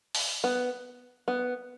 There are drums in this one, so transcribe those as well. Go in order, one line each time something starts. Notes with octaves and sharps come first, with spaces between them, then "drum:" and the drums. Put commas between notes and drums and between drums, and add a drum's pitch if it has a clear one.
drum: open hi-hat
B3
B3